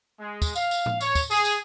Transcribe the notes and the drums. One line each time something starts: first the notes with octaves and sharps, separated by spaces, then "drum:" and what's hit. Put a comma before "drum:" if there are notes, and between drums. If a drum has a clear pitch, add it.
G#3
drum: kick, tambourine
F5, drum: tambourine
drum: tambourine
drum: tom A2
C#5, drum: tambourine
drum: kick, tambourine
G#4, drum: tambourine
drum: tambourine